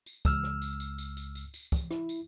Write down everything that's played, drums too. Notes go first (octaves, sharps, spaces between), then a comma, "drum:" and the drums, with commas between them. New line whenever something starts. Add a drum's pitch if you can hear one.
drum: tambourine
C#2 E6 F6, drum: kick, tambourine
drum: rim click
drum: tambourine
drum: tambourine
drum: tambourine
drum: tambourine
drum: tambourine
drum: tambourine
drum: kick, tambourine
E4, drum: rim click
drum: tambourine